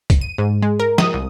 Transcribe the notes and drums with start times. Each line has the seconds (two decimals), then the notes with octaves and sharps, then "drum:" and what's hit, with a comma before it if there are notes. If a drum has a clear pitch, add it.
0.10 drum: kick, hi-hat
0.21 D#7
0.38 G#2
0.62 G#3
0.80 A#4
0.98 D#6, drum: snare
1.14 C2